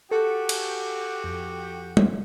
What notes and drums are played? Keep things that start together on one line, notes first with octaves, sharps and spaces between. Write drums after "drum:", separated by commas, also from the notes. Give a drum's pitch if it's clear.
F#4 G4 A4
drum: cymbal
F2
drum: tom